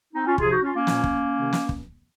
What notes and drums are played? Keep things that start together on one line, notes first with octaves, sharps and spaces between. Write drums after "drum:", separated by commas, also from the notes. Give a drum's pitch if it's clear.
C4 D#4
C#4 F4
C3 F3 F4 G#4, drum: kick
D#4 F#4
C#4 F4
A#3 C#4
A#2 F3, drum: snare
drum: kick
C3 D#3
drum: snare
drum: kick